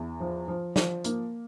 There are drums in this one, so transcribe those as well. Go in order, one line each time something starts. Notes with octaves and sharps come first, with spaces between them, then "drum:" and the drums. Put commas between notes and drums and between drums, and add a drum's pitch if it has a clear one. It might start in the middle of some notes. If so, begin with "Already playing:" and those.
Already playing: E2
F3
F3
F3, drum: snare
A#3, drum: hi-hat